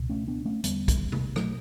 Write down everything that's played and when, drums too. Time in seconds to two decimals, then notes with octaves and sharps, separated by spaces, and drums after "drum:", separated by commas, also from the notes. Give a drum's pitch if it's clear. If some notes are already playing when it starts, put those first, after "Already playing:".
Already playing: C#2 B2
0.10 A3 C#4
0.28 B3 D4
0.45 A3 C#4
0.64 E2 D3 G3 B3, drum: hi-hat
0.88 drum: kick, hi-hat
1.12 drum: tom C3
1.36 B2 F#3 A3, drum: rim click